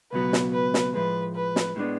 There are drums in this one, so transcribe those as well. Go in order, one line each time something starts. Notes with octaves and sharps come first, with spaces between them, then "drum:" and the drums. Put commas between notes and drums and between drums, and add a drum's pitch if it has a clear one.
C#2 B2 F#3 B3 B4
drum: snare
B4
drum: snare
A2 F3 G#3 B4
B4
drum: snare
A2 G#3 B3 D4